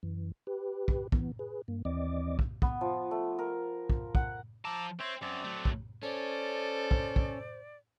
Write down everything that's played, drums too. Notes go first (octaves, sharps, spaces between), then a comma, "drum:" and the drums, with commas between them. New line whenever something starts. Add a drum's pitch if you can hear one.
F#2 E3
G4 B4
drum: kick
E3 B3, drum: kick
G#4 B4
G2 A#3
D#2 E3 C4 D5 D#5 D6
drum: kick
B3, drum: kick
F3
A3
A#4
drum: kick
F#5, drum: kick
F3 A5 A#5 D6 E6
C4 C5 C#5 E5
F#2 C4 D5
F#3 A3
drum: kick
C#4 A4 C5 D5
drum: kick
drum: kick